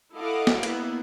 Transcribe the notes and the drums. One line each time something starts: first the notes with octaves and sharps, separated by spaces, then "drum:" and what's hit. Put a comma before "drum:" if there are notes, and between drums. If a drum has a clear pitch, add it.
E4 A4 D#5 F5 F#5 D6
drum: snare
A#3 B3 E4, drum: cymbal